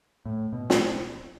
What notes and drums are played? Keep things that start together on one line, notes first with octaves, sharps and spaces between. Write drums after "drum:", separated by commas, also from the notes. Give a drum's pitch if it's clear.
A2
B2
drum: snare